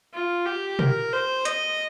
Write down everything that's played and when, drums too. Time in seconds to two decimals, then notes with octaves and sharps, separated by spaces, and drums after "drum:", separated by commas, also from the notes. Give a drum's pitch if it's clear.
0.14 F4
0.46 G4
0.79 A#4, drum: tom
1.13 C5
1.45 D#5, drum: hi-hat